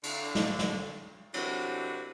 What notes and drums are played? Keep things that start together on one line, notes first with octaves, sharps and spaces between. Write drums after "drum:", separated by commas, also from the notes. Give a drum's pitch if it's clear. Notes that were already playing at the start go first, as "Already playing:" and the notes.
D3 D4, drum: cymbal
drum: snare
drum: snare
C3 E3 F#3 A3 D4 F#4, drum: cymbal